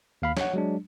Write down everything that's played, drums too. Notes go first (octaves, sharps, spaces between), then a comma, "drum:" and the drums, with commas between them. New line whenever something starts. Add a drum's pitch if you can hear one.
D#2 F5 B5
C#5 F#5, drum: snare
F#3 G#3 D4